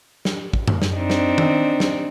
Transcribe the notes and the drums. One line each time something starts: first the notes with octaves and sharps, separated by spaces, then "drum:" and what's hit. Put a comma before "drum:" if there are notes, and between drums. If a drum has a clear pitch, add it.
drum: snare
drum: kick
drum: tom F#2
drum: snare
C4 D4 D#4
drum: snare
drum: tom D#3
drum: snare